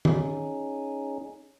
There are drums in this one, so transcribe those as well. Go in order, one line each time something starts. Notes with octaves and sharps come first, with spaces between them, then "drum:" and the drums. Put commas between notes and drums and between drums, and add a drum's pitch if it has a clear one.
C#4 D#4 G#4, drum: tom D#3